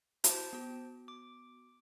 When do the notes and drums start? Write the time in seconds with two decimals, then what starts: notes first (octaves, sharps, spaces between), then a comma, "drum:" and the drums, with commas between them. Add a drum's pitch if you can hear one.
0.24 E4 F#4 C5 A5, drum: hi-hat
0.53 B3 F#4
1.08 D6